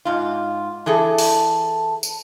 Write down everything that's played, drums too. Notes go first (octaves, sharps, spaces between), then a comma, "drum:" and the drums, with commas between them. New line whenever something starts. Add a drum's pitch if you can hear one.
G#2 F4
E3 G#4 A4
drum: open hi-hat
drum: tambourine